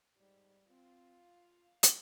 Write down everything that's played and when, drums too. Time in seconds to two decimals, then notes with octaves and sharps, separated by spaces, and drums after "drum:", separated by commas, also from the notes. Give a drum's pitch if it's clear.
0.17 G#2 G3
0.67 C4 F4
1.22 F5
1.83 drum: hi-hat